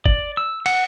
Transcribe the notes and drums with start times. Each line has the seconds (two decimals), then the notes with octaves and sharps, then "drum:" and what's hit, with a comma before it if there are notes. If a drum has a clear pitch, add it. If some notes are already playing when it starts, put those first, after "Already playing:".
0.06 D5, drum: kick F#1
0.37 E6
0.66 F#5, drum: cymbal